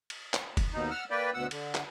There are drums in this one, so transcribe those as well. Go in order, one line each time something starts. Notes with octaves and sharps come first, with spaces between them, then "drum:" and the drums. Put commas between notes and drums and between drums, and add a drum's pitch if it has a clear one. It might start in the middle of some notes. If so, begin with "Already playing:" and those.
drum: cymbal
drum: clap
drum: kick, cymbal
D#2 B2 D#4
F#5 E6 F6
A#3 B4 D5 G5
D2 B2 F#5 E6
D3, drum: cymbal
drum: clap